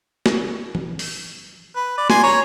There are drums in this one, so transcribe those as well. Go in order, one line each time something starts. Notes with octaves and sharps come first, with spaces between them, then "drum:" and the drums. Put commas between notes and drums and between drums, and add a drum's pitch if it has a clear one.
drum: snare
drum: tom E3
drum: open hi-hat
B4
D5
G#5 C6, drum: snare
C#5 A#5